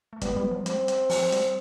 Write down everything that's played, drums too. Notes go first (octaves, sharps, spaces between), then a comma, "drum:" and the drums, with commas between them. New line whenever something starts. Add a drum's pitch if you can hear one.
A3
G3 B3, drum: kick, hi-hat
G3
F3
G3 C4, drum: hi-hat
drum: hi-hat
F3, drum: open hi-hat
G3, drum: hi-hat